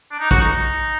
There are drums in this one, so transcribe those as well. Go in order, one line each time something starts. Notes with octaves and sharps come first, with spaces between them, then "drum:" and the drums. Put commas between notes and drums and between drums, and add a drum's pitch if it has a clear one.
D4
D#4
F#4, drum: kick
D#4